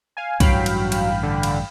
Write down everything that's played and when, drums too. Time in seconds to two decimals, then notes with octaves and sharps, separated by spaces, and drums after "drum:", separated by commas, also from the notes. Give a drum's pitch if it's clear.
0.17 F5 G#5
0.40 A1 G2 F#3 F5 G5 B5, drum: kick B1, cymbal
0.66 drum: cymbal
0.92 drum: cymbal
1.23 D3
1.43 drum: cymbal